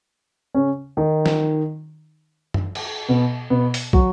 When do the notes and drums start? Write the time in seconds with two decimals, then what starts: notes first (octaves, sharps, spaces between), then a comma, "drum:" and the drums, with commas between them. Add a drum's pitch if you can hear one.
0.55 C#3 C#4
0.97 D#3 D#4
1.26 drum: snare
2.54 drum: tom F#2
2.75 drum: cymbal
3.09 B2 B3
3.50 B2 B3
3.74 drum: open hi-hat
3.93 F#3 F#4, drum: kick